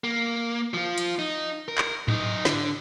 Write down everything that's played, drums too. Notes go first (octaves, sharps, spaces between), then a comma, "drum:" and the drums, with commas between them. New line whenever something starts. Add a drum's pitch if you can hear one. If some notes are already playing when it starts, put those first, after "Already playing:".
A#3
F3 F4
drum: hi-hat
D#4
A#4
drum: clap
F#2 D#4, drum: tom G#2
D3, drum: snare